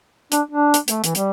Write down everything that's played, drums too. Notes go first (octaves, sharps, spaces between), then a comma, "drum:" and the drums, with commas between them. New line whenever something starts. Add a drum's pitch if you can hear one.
D4, drum: hi-hat
D4
drum: hi-hat
A3, drum: hi-hat
E3, drum: hi-hat
G3, drum: hi-hat